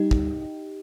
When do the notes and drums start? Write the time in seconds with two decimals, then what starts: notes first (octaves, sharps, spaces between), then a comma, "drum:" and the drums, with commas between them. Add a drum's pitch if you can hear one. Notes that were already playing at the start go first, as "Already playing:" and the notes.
Already playing: G3 D#4 G4
0.11 D2, drum: kick